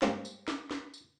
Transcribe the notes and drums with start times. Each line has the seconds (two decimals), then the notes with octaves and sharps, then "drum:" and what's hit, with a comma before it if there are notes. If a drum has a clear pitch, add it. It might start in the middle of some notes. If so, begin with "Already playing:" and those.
0.02 G2 G#3 A#3 C#4 G4 C5, drum: snare
0.25 drum: tambourine
0.48 drum: snare
0.71 drum: snare
0.94 drum: tambourine